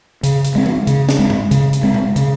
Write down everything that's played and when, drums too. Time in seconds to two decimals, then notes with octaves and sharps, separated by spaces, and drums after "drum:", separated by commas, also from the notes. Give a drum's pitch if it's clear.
0.23 C#3, drum: hi-hat
0.44 drum: hi-hat
0.55 G#3 C4
0.66 drum: tom E3
0.87 C#3, drum: hi-hat
1.09 drum: snare
1.19 G#3 C4
1.30 drum: tom G#2
1.51 C#3, drum: hi-hat
1.73 drum: hi-hat
1.83 G#3 C4
1.94 drum: tom B2
2.16 C#3, drum: hi-hat